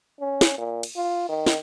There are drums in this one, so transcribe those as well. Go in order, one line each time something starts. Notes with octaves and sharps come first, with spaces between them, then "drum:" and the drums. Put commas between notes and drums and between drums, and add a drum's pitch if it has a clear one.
C#4
drum: snare
A#2
drum: cymbal
F4
D#3
drum: snare